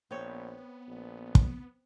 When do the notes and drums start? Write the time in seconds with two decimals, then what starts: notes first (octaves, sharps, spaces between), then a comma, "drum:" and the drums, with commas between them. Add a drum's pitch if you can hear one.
0.11 A#1 B3 C4 C#5
0.88 A#1
1.35 drum: kick